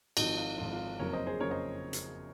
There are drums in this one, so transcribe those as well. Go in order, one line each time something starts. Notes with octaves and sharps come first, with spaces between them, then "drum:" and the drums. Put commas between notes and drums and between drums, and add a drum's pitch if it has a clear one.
G#1 G#2 F3 D#4 F#4, drum: cymbal
F4
G#1 G#2 F3 F4
F4
F#1 F2 C#3 F#3 A#4 C#5
C5 D#5
G#4 C5
F#1 F2 C#3 F#3 A#4 C#5
C5 D#5
drum: hi-hat